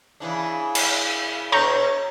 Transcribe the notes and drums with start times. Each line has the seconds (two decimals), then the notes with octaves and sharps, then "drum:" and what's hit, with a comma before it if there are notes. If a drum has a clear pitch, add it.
0.20 C#3 E3 D4
0.75 drum: cymbal
1.52 B2 D4 A4 C#5 A#5 C#6 G6